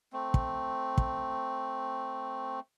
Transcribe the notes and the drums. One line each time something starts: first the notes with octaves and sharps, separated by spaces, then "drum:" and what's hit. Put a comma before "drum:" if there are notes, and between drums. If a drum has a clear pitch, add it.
A3 C4
drum: kick
drum: kick